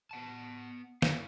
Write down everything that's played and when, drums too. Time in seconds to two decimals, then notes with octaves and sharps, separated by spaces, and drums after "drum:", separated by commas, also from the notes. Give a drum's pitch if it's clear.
0.11 B3 F#5 A5
1.02 E4 A#4 F5, drum: snare